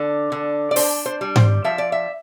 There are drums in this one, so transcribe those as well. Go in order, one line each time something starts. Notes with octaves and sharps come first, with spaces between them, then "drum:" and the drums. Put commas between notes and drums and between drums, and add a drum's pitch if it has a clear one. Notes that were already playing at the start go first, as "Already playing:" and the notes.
Already playing: D3
D3
D5
D4 C5, drum: open hi-hat
C5
G3
C5, drum: tom G#2
F3 E5
D5
E5